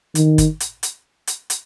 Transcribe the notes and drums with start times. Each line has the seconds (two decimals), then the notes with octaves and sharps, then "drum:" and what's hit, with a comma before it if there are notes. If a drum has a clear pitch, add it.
0.15 D#3, drum: hi-hat
0.38 drum: kick G1, hi-hat
0.60 drum: hi-hat
0.83 drum: hi-hat
1.27 drum: hi-hat
1.50 drum: hi-hat